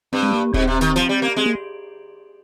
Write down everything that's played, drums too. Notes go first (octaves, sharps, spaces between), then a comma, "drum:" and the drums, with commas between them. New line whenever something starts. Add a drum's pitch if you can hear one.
G2 C4
G#3
A#3
G#2 C4, drum: kick D#1
C3
D#3, drum: snare
F3, drum: snare
G3
A#3
G#3 C4
A#3